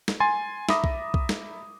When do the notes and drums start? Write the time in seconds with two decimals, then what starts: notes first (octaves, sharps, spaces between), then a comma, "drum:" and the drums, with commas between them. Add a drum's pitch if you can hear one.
0.08 drum: snare
0.20 G#5 C6 A6
0.69 E5 A#5 B5 D6 D#6 A#6, drum: snare
0.84 drum: kick B1
1.14 drum: kick B1
1.29 drum: snare